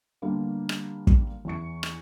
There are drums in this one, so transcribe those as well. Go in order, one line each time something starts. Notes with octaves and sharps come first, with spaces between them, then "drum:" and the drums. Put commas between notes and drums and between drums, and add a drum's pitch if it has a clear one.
D3 G3 A#3 B3 D4
drum: rim click
drum: kick
E2 E3 C#6 C#7
drum: rim click